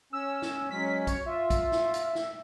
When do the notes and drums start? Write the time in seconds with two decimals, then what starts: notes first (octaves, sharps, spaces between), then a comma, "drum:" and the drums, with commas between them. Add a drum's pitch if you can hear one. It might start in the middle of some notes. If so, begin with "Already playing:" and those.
0.13 C#4 E6
0.42 drum: snare
0.71 F#3 G#3 C#4 B6
1.07 C#5, drum: kick A#1, hi-hat
1.26 F4 E5
1.50 drum: kick A#1, hi-hat
1.72 drum: snare
1.94 drum: hi-hat
2.15 drum: snare